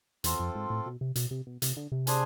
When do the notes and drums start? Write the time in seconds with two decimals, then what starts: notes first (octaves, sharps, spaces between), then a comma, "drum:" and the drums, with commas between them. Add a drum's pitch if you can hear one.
0.24 E2 C4 F4 A4 C5, drum: hi-hat
0.40 F2
0.55 G#2
0.70 A2
0.86 B2
1.01 C3
1.16 B2, drum: hi-hat
1.31 C3
1.47 B2
1.62 C3, drum: hi-hat
1.77 D3
1.92 C3
2.07 D4 G#4 C5 G#5, drum: hi-hat